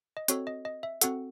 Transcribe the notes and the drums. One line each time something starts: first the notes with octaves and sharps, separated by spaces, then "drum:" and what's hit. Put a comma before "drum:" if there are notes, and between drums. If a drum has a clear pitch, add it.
D#5
C4 F#4 A4 C#5, drum: hi-hat
D#5
D#5
E5
C4 F#4 A4 F#5, drum: hi-hat